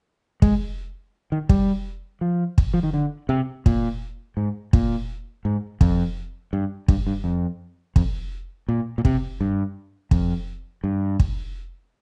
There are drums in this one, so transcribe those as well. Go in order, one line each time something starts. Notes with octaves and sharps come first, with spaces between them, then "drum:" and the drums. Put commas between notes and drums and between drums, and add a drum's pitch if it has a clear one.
G#3, drum: kick
D#3
G3, drum: kick
F3
drum: kick
F3
D#3
D3
C3
A#2, drum: kick
G#2
A#2, drum: kick
G#2
F2, drum: kick
G2
G2, drum: kick
G2
F2
F2, drum: kick
A#2
A#2
C3, drum: kick
G2
F2, drum: kick
G2
drum: kick